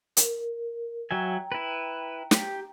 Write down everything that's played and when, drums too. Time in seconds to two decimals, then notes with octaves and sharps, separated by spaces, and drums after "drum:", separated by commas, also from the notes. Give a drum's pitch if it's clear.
0.17 A#4, drum: hi-hat
1.11 F#3 E5 G5 G#5 A#5
1.52 E4 B4
2.31 G4, drum: snare